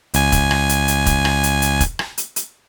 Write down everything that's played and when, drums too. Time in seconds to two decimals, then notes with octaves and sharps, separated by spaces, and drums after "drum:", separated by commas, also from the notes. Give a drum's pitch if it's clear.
0.14 C#2 G#5, drum: hi-hat
0.32 drum: kick E1, hi-hat
0.51 drum: rim click
0.69 drum: hi-hat
0.88 drum: hi-hat
1.06 drum: kick E1, hi-hat
1.25 drum: rim click
1.43 drum: hi-hat
1.62 drum: hi-hat
1.80 drum: kick E1, hi-hat
1.99 drum: rim click
2.18 drum: hi-hat
2.36 drum: hi-hat